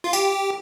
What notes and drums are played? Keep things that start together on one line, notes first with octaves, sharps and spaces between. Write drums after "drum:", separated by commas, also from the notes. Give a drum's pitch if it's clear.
F4
G4, drum: tambourine